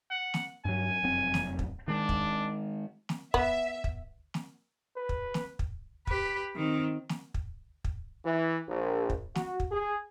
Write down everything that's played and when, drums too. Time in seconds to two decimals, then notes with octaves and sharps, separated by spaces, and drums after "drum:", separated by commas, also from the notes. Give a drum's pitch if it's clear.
0.11 F#5
0.34 drum: snare
0.65 G2 F#3 G#5
1.03 F1 F#2 C4
1.34 drum: snare
1.59 drum: kick
1.88 D#3 G#3 D4
2.09 drum: kick
3.09 drum: snare
3.34 B3 E5, drum: kick
3.84 drum: kick
4.34 drum: snare
4.96 B4
5.09 drum: kick
5.34 drum: snare
5.59 drum: kick
6.07 G4 B4, drum: kick
6.56 D#3 C4
7.09 drum: snare
7.34 drum: kick
7.84 drum: kick
8.26 E3
8.69 A#1
9.10 drum: kick
9.35 F#4, drum: snare
9.60 drum: kick
9.71 G#4